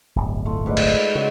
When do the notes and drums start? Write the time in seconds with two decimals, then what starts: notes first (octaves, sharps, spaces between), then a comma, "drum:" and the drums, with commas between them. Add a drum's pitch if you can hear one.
0.16 D1 G1
0.46 A3 F4
0.66 G#2 B4 D5
0.77 drum: cymbal
1.15 C#3 F#4 D#5